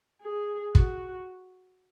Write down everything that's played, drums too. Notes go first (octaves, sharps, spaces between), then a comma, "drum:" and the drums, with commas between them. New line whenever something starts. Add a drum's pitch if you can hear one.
G#4
F#4, drum: kick